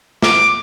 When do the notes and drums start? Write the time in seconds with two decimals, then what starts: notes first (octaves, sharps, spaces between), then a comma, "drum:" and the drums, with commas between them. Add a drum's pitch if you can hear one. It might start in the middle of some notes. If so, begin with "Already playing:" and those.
0.22 D6, drum: snare